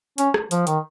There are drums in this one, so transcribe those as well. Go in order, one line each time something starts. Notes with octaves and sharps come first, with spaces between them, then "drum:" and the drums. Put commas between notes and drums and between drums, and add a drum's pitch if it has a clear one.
C#4, drum: hi-hat
drum: rim click
F3, drum: hi-hat
D#3, drum: hi-hat